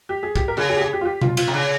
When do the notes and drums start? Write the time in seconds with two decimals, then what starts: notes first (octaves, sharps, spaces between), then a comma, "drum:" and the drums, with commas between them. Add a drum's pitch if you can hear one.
0.09 G4
0.23 G#4
0.36 G4, drum: kick
0.48 A#4
0.57 C#3 G#4
0.70 G#4
0.76 G4
0.81 G#4
0.93 G4
1.01 F4
1.05 G4
1.21 F4, drum: tom B2
1.37 F4, drum: cymbal
1.48 C3
1.54 C#3